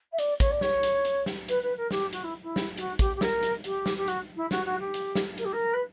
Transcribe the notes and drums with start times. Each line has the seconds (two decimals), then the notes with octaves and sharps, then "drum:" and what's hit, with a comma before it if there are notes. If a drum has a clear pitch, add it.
0.12 E5
0.18 D5, drum: hi-hat
0.40 C#5, drum: kick, hi-hat
0.50 D5
0.61 C#5, drum: snare
0.83 drum: hi-hat
1.05 drum: hi-hat
1.26 drum: snare
1.48 B4, drum: hi-hat
1.62 B4
1.76 A#4
1.91 G4, drum: snare
2.13 F#4, drum: hi-hat
2.23 E4
2.42 E4
2.56 drum: snare
2.77 F#4, drum: hi-hat
2.99 G4, drum: kick, hi-hat
3.15 G4
3.21 A#4, drum: snare
3.42 drum: hi-hat
3.64 G4, drum: hi-hat
3.86 drum: snare
3.97 G4
4.07 F#4, drum: hi-hat
4.36 E4
4.51 F#4, drum: snare
4.65 F#4
4.79 G4
4.94 drum: hi-hat
5.15 drum: snare
5.38 A#4, drum: hi-hat
5.44 G4
5.52 A#4
5.73 B4